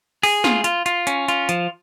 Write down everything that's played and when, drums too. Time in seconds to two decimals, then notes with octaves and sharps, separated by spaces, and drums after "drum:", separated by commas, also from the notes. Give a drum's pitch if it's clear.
0.23 G#4, drum: open hi-hat
0.44 F4, drum: snare
0.64 F4, drum: hi-hat
0.86 F4, drum: hi-hat
1.07 C#4, drum: hi-hat
1.28 F4, drum: hi-hat
1.49 F3, drum: hi-hat